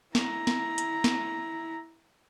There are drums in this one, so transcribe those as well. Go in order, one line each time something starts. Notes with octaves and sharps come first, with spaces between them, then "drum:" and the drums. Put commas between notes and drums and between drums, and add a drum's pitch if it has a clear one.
E4 A#5, drum: snare
drum: snare
drum: hi-hat
drum: snare